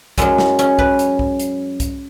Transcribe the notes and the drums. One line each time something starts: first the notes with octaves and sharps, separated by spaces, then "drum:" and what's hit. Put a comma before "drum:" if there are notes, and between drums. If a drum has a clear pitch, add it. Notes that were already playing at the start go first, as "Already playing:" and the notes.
F#2 F#3 G#3, drum: kick B1, hi-hat
drum: snare
C#4, drum: hi-hat
B4, drum: kick B1
drum: hi-hat
drum: kick B1
drum: hi-hat
drum: kick B1, hi-hat